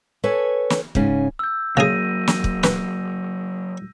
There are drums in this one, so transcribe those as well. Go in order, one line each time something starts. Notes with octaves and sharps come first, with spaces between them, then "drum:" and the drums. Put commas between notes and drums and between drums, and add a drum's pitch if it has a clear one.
A4 B4 C#5 G#5
drum: snare
G#2 C#3 C#4, drum: kick
E6 G6
C#3 F#3 A#3 G#4 A#6 D#7
drum: snare
drum: kick
B4, drum: snare